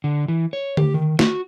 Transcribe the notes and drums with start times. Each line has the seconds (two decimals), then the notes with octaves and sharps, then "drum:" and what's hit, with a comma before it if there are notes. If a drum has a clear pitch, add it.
0.04 D3
0.28 E3
0.53 C#5
0.77 G4, drum: tom D3
0.94 D#3
1.19 F#4, drum: snare